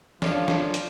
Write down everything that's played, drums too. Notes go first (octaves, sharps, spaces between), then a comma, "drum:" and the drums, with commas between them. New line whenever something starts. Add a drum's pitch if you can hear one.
F3 D4 C#5 D5 F5, drum: snare
drum: snare
drum: hi-hat